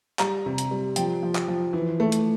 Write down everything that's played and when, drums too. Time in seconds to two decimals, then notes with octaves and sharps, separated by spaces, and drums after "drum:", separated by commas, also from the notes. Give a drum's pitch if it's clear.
0.19 G3 A#5, drum: clap
0.46 C3
0.58 drum: hi-hat
0.71 G3
0.96 F3 G5, drum: hi-hat
1.23 F3
1.35 drum: clap
1.48 F3
1.73 E3
2.00 A3
2.12 drum: hi-hat